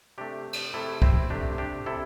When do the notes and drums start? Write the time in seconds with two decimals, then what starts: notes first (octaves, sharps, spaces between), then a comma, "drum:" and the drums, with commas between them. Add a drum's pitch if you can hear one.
0.18 C3 A3 D4 G4
0.53 drum: cymbal
0.74 C3 A3 E4 A4
1.02 C4 E4, drum: kick C2
1.30 C3 A3 D4 G4
1.58 D4 G4
1.86 C3 E4 A4